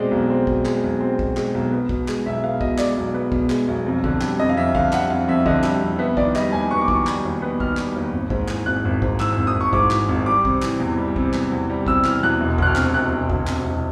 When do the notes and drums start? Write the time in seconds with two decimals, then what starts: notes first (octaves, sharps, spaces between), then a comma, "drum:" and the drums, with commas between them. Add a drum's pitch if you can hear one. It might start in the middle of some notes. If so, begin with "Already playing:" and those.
Already playing: B2 G#3 C4 D5 D#5
0.11 B1
0.30 C4
0.47 B2, drum: kick
0.65 G#3, drum: clap
0.84 B1
1.00 C4
1.19 B2, drum: kick
1.37 G#3, drum: clap
1.54 B1
1.72 B3
1.89 B2, drum: kick
2.08 G#3, drum: clap
2.26 B1 E5
2.43 B3 F5
2.61 B2 D#5, drum: kick
2.78 G#3 D5, drum: clap
2.97 B1
3.14 B3
3.32 B2, drum: kick
3.50 G#3, drum: clap
3.68 B1
3.86 F2
4.04 D3, drum: kick
4.21 G3, drum: clap
4.39 F2 D#5
4.49 F5
4.57 F2 E5
4.75 D3 F5, drum: kick
4.93 G3 F#5, drum: clap
5.10 F2 F5
5.28 F2 E5
5.46 D3 D#5, drum: kick
5.64 G3, drum: clap
5.82 F2
5.99 B3 E5
6.17 D#3 D5, drum: kick
6.36 G3 D#5, drum: clap
6.52 D#2 G#5
6.71 B3 C#6
6.81 D6
6.88 D#3 C#6, drum: kick
7.07 G3, drum: clap
7.25 D#2
7.42 B3
7.60 D#3 F6, drum: kick
7.77 G3, drum: clap
7.96 D#2
8.13 G#1
8.30 G#2, drum: kick
8.48 E3, drum: clap
8.66 G#1 F#6
8.85 G#1
9.02 G#2, drum: kick
9.20 E3 E6, drum: clap
9.33 E6
9.37 G#1
9.47 D#6
9.55 G#1
9.61 C#6
9.73 G#2 D6, drum: kick
9.91 E3, drum: clap
10.09 G#1
10.26 G3 D6
10.45 C3, drum: kick
10.62 E3, drum: clap
10.80 E2
10.97 G3
11.16 C3, drum: kick
11.34 E3, drum: clap
11.52 E2
11.70 G3
11.87 C3 E6, drum: kick
12.05 E3 F6, drum: clap
12.23 E2 F#6
12.41 E1
12.58 D2 F#6, drum: kick
12.67 F6
12.76 C3, drum: clap
12.94 E1 F#6
13.12 E1
13.30 D2, drum: kick
13.47 C3, drum: clap
13.65 E1